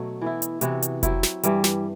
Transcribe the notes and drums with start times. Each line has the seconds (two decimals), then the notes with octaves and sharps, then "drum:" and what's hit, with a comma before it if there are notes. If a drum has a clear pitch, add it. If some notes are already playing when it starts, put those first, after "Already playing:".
Already playing: B2 F#3 A3
0.21 E3 B3 E4
0.42 drum: hi-hat
0.61 C3 E3 B3 F#4, drum: hi-hat
0.82 drum: hi-hat
1.03 F#3 C4 E4, drum: kick F1, hi-hat
1.23 drum: snare
1.43 G2 E3 G3, drum: hi-hat
1.64 drum: snare